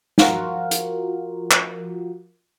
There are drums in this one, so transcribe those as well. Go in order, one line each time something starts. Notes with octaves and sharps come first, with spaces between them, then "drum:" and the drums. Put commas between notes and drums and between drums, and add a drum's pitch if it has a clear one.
F3 F4 F#4 A#4, drum: snare
drum: hi-hat
drum: clap